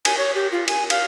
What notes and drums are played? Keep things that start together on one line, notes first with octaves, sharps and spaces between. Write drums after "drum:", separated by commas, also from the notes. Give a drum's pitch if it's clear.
G#5, drum: cymbal
C#5
G4
F4
G#5, drum: cymbal
F5, drum: cymbal